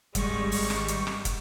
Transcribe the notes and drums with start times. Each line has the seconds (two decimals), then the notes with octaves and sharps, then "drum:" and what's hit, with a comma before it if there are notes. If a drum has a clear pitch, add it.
0.15 G#1 G3 G#3 C#6, drum: kick, hi-hat
0.52 drum: open hi-hat
0.70 drum: rim click
0.88 drum: hi-hat
1.07 drum: rim click
1.25 drum: kick, hi-hat